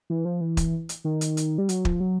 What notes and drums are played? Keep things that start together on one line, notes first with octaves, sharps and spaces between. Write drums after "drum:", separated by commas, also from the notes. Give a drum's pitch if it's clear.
E3
F3
E3
drum: kick, hi-hat
drum: hi-hat
D#3
drum: hi-hat
drum: hi-hat
G3
F#3, drum: hi-hat
F3, drum: kick
F#3